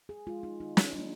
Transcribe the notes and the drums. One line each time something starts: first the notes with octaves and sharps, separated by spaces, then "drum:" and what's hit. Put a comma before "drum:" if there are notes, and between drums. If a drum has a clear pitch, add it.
G#4
G#3 F4
D#4
D#3 D#4
D#4, drum: snare
F#3 D4
A#3